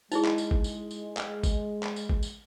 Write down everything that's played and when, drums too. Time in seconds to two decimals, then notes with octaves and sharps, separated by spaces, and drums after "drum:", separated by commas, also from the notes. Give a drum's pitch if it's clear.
0.12 G#3 D#4 E4 G#4, drum: tambourine
0.25 drum: clap
0.38 drum: tambourine
0.51 drum: kick
0.64 drum: tambourine
0.91 drum: tambourine
1.17 drum: clap
1.43 drum: kick, tambourine
1.83 drum: clap
1.96 drum: tambourine
2.09 drum: kick
2.23 drum: tambourine